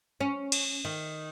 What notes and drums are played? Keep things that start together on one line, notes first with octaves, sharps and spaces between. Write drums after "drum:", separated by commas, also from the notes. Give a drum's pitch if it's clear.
C#4
drum: cymbal
D#3